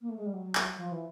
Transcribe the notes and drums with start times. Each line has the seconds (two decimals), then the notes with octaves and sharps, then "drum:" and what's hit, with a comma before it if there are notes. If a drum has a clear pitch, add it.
0.01 A#3
0.09 A3
0.17 G#3
0.26 G3
0.33 F#3
0.55 drum: clap
0.77 F3
0.91 E3